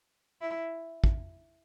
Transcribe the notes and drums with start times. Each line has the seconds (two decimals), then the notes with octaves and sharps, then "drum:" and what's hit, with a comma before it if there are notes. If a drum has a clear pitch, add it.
0.41 E4
1.04 drum: kick